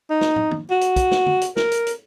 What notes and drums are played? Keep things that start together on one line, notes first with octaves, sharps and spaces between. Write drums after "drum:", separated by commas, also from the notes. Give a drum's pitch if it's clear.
D#4
drum: snare
drum: tom
drum: tom
F#4
drum: hi-hat
drum: kick, hi-hat
drum: snare
drum: tom
drum: hi-hat
A#4, drum: snare
drum: hi-hat
drum: hi-hat